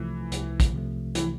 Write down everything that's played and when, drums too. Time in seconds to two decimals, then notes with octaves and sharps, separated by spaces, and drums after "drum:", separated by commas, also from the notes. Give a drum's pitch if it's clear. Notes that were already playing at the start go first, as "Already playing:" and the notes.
Already playing: C2 C3 E3 F3 A3
0.32 C2, drum: hi-hat
0.60 drum: kick, hi-hat
0.74 C3 F3 A3
1.15 E3, drum: hi-hat